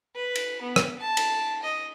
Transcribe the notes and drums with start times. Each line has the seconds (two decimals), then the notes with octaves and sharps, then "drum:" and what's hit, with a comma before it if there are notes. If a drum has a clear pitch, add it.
0.15 B4
0.35 drum: cymbal
0.61 B3
0.76 drum: rim click
0.99 A5
1.17 drum: cymbal
1.63 D#5